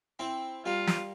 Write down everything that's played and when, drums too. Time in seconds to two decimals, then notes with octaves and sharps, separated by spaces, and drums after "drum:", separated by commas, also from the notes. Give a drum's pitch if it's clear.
0.19 C4 E4
0.66 G3 A#3 F4
0.87 drum: snare